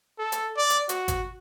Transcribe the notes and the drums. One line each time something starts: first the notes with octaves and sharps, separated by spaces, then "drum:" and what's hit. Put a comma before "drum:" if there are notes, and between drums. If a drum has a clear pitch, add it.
A4
drum: hi-hat
D5
drum: hi-hat
F#4, drum: hi-hat
drum: kick G#1, hi-hat